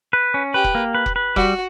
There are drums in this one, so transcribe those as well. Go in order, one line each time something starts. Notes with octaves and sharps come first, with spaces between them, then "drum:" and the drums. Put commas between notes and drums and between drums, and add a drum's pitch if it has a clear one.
B4
C#4
G4 B4
drum: kick F1
A#3
B4
drum: kick F1
B4
G3 F#4, drum: kick F1